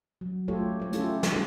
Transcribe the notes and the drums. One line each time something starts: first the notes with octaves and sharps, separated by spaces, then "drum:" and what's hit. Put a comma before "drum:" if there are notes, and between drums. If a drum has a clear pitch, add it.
F#3
A3 F4 G4 A4 C#5
A3 C#5
C#4 E4 F4 G4 A4, drum: hi-hat
drum: snare
D#4 F4 G#4